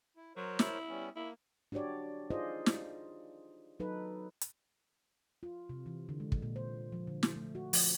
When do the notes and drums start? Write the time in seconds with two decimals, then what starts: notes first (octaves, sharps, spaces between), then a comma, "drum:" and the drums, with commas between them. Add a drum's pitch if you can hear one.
0.17 E4
0.36 F#3 A#4 C5 C#5
0.59 E4, drum: snare
0.89 G3 B3 C#4
1.16 A#3 E4
1.72 D4 F#4 G4 C#5 D5
2.30 D#4 F4 G#4 C5 D5 D#5
2.66 drum: snare
3.80 F#3 D#4 A4 B4
4.41 drum: hi-hat
5.43 F4
5.69 C3
5.86 E3
6.09 D3
6.20 G#3
6.32 drum: kick
6.42 A#2
6.56 C5
6.92 F3
7.07 D3
7.23 drum: snare
7.36 A3
7.55 F#4
7.73 F3, drum: open hi-hat